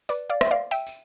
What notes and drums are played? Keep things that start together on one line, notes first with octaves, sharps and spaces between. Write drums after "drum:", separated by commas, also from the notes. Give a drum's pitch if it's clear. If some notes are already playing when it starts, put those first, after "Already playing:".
B4 D5, drum: tambourine
D5 F5
E5, drum: rim click
D5 F5
E5 G5, drum: tambourine
drum: tambourine